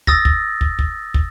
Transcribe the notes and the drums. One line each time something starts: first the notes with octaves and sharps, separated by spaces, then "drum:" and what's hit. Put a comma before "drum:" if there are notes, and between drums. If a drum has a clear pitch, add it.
D#6 E6 A6 A#6, drum: kick
drum: kick
drum: kick
drum: kick
drum: kick